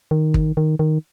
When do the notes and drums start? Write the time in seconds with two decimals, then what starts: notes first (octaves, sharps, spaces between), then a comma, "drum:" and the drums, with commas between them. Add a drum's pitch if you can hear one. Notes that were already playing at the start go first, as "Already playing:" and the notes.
0.11 D#3
0.34 drum: kick
0.57 D#3
0.79 D#3